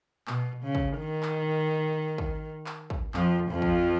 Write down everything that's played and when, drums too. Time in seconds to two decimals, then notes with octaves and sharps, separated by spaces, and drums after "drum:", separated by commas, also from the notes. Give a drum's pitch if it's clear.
0.27 B2, drum: clap
0.63 C#3
0.75 drum: kick
0.98 D#3
1.23 drum: clap
2.18 drum: kick
2.66 drum: clap
2.90 drum: kick
3.14 F2 F3, drum: clap
3.50 F2 F3
3.62 drum: kick